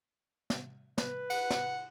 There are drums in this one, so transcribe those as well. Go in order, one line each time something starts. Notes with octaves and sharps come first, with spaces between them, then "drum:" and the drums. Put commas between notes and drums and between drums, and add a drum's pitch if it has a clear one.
drum: snare
B4, drum: snare
F#5, drum: cymbal
drum: snare